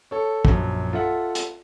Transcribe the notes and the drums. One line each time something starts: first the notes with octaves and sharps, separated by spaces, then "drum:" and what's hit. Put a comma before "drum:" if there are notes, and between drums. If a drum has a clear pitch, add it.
A4 C#5
A#1 F#2, drum: kick
F4 A4 E5 F#5
drum: hi-hat